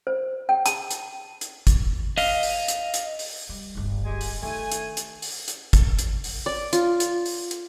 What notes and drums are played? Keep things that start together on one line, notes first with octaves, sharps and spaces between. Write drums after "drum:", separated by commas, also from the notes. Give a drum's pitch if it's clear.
C5
G5
A5, drum: hi-hat
drum: hi-hat
drum: hi-hat
drum: kick, hi-hat
D#5 F5, drum: open hi-hat
drum: open hi-hat
drum: hi-hat
drum: hi-hat
drum: open hi-hat
G3
D1 G1
G#3 G4 G#5
drum: open hi-hat
D#3 A3 G#5
drum: hi-hat
drum: hi-hat
drum: open hi-hat
drum: hi-hat
drum: kick, hi-hat
drum: hi-hat
drum: open hi-hat
D5
F4, drum: hi-hat
drum: hi-hat
drum: open hi-hat
drum: hi-hat